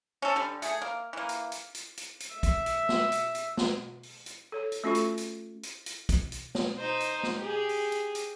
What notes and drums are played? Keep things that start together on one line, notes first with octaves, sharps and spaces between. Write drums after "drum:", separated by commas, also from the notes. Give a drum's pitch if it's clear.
C#4 A4
D3 G3
A3 G#4, drum: hi-hat
A#3
E3 A#3
drum: hi-hat
drum: hi-hat
drum: hi-hat
drum: hi-hat
drum: hi-hat
E5
drum: kick, hi-hat
drum: hi-hat
drum: snare
drum: hi-hat
drum: hi-hat
drum: snare
drum: open hi-hat
drum: hi-hat
A4 C#5
drum: hi-hat
A3 C#4 F4 F#4 A4 C#6
drum: hi-hat
drum: hi-hat
drum: hi-hat
drum: hi-hat
drum: kick, hi-hat
drum: hi-hat
drum: snare
D#4 C5
drum: hi-hat
drum: snare
G4 G#4
drum: open hi-hat
drum: hi-hat
drum: hi-hat